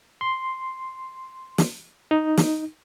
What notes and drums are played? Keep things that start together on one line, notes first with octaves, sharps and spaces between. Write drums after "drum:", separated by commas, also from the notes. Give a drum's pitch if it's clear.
C6
drum: snare
D#4
drum: snare